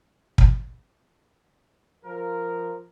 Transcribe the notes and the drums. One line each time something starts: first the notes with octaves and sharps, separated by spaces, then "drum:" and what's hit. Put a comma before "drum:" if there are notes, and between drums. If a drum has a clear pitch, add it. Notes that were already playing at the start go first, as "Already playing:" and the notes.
drum: kick
F3 A#4